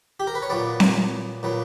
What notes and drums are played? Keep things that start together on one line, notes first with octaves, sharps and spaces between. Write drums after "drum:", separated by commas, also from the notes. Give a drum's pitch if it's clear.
G4
A#4
B4
C#5
A#2 F#3 B3 D5
drum: snare C4
A#2 F#3 B3